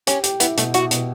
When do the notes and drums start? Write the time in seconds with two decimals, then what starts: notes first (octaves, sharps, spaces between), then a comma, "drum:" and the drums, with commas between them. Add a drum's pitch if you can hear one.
0.07 C#4 G4, drum: hi-hat
0.24 G4, drum: hi-hat
0.40 B3 E4, drum: hi-hat
0.57 B2 A3, drum: hi-hat
0.74 E4 F#4, drum: hi-hat
0.91 B2, drum: hi-hat